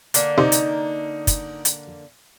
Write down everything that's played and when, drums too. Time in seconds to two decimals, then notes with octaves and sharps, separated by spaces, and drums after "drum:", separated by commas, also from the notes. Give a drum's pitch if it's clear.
0.14 D3 A#3, drum: hi-hat
0.38 C3 D#4
0.52 drum: hi-hat
1.27 drum: kick, hi-hat
1.65 drum: hi-hat